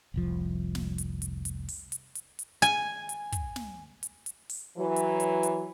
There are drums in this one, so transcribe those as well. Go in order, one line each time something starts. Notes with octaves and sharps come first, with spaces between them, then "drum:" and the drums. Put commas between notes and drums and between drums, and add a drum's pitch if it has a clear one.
F1 C2 F3
drum: snare
drum: hi-hat
drum: hi-hat
drum: hi-hat
drum: open hi-hat
drum: hi-hat
drum: hi-hat
drum: hi-hat
G#5, drum: hi-hat
drum: hi-hat
drum: kick, hi-hat
drum: snare
drum: hi-hat
drum: hi-hat
drum: open hi-hat
E3 F#3
drum: hi-hat
drum: hi-hat
drum: hi-hat